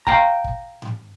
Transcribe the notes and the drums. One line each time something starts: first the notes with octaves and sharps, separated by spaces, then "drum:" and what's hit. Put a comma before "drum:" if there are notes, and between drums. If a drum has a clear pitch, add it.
F5 G5 A#5, drum: kick
drum: kick
drum: tom G#2